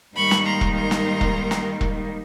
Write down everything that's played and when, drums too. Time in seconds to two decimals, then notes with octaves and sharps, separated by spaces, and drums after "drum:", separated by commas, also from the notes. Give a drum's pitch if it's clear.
0.16 G#2 D#3 G3 A#3 D#4 B5 C#6
0.31 drum: snare
0.46 A#5 C6
0.61 drum: kick E1
0.76 A#5 C6
0.91 drum: snare
1.21 drum: kick E1
1.51 drum: snare
1.81 drum: kick E1